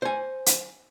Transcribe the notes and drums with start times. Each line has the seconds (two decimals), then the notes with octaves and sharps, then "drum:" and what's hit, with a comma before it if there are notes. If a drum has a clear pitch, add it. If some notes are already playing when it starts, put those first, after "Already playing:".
0.02 C5 G#5
0.46 drum: hi-hat